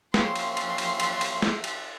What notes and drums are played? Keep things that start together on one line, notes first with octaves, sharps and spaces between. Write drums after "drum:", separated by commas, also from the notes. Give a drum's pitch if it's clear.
F3 A#3 C4 C#4 C6, drum: snare
drum: cymbal
drum: cymbal
drum: cymbal
drum: cymbal
drum: cymbal
drum: snare
drum: cymbal